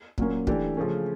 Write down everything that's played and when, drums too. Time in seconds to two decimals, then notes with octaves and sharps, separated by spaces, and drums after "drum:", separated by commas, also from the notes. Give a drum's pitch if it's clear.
0.18 A#2 F#3 A#3 C#4, drum: kick
0.47 E3 A3 D4 G4, drum: kick
0.77 C#3 F3 A3 C#4